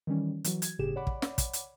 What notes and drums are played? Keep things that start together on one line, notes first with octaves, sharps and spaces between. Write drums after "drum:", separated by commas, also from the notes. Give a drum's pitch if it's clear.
D#3 E3 G3 C#4
E3 F#3 F#4, drum: hi-hat
G#6, drum: hi-hat
G1 A2 C#3 G4 G#4 E7
C#5 D5 F#5 B5 D6
drum: kick
drum: snare
drum: kick, hi-hat
drum: hi-hat